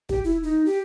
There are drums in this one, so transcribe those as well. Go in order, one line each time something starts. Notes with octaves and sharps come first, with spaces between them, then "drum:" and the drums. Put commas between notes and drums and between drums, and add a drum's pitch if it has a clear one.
G4, drum: kick
E4
D#4
G4